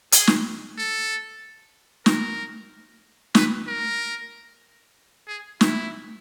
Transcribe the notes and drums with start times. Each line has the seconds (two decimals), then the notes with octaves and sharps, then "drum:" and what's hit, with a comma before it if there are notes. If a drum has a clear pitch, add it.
0.12 G#4, drum: hi-hat
0.27 drum: snare
0.78 A4
2.06 A#4, drum: snare
3.35 B4, drum: snare
3.67 A#4
5.27 G#4
5.61 E4, drum: snare